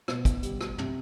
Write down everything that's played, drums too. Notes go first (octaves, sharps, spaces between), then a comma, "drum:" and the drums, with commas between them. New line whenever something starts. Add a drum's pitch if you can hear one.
B2, drum: rim click
drum: kick, hi-hat
G3, drum: hi-hat
drum: rim click
C3, drum: tom